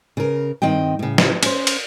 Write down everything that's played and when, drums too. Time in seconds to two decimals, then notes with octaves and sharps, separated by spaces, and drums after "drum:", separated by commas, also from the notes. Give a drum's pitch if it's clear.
0.17 C#3 A#4
0.62 G2 D#3 C4 D#5 G5
0.99 A2 C#3
1.18 drum: snare
1.43 C#4 C5, drum: cymbal
1.67 drum: cymbal